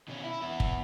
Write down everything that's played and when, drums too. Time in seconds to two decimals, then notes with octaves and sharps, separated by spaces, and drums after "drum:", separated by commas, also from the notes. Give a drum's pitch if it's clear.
0.08 B2 C#4
0.24 E4
0.42 B3 E4
0.60 drum: kick